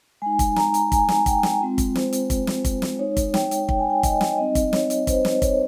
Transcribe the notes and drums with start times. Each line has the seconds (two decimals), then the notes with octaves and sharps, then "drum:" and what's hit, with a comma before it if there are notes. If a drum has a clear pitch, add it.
0.22 G#3 D#4 G#5
0.39 drum: kick, hi-hat
0.56 A#5, drum: snare
0.74 drum: hi-hat
0.92 G#5, drum: kick, hi-hat
1.09 drum: snare
1.26 G5, drum: kick, hi-hat
1.43 drum: snare
1.60 G#3 C4 F4
1.78 drum: kick, hi-hat
1.95 C5, drum: snare
2.13 drum: hi-hat
2.30 drum: kick, hi-hat
2.47 drum: snare
2.65 drum: kick, hi-hat
2.82 drum: snare
2.99 G#3 D#4 C#5
3.17 drum: kick, hi-hat
3.34 G5, drum: snare
3.51 drum: hi-hat
3.69 G5, drum: kick
3.79 G#5
3.90 G5
4.03 D#5, drum: kick, hi-hat
4.21 drum: snare
4.38 G3 C4 D#4 D#5
4.55 drum: kick, hi-hat
4.73 C#5, drum: snare
4.90 drum: hi-hat
5.07 C5, drum: kick, hi-hat
5.25 drum: snare
5.42 C#5, drum: kick, hi-hat